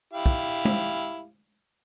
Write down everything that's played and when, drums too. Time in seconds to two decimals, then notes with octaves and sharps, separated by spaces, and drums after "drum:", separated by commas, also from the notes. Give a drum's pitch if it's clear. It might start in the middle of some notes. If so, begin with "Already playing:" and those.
0.13 E4 G4 F5
0.26 drum: kick
0.65 drum: tom G#3